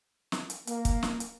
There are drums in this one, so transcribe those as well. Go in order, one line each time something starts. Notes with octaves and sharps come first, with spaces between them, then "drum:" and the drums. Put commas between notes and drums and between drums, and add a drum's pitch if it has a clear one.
drum: snare
drum: hi-hat
A#3, drum: hi-hat
drum: kick, hi-hat
drum: snare
drum: hi-hat